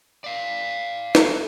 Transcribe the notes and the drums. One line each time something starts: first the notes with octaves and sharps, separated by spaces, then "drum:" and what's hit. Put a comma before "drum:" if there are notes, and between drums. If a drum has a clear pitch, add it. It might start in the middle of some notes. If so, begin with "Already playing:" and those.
D5 F5
A4, drum: snare